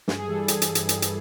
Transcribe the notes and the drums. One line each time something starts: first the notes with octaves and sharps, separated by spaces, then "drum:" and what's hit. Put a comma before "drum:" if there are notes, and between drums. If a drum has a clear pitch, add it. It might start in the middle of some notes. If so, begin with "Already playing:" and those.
G2 G#4, drum: snare
G#4
E3 G3 A4
G#4
G#4, drum: hi-hat
drum: hi-hat
drum: hi-hat
drum: hi-hat
drum: hi-hat